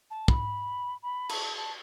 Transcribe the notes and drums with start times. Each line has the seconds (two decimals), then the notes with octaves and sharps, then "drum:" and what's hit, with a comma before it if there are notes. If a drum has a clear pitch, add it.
0.10 A5
0.28 B5, drum: kick
1.02 B5
1.29 A5, drum: cymbal
1.57 A5